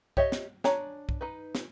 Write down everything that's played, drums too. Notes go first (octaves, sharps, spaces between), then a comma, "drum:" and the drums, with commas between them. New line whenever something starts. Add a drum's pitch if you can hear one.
G4 C#5 D#5 E5, drum: kick
drum: snare
D4 C#5 G#5 A#5, drum: snare
drum: kick
D#4 B4
drum: snare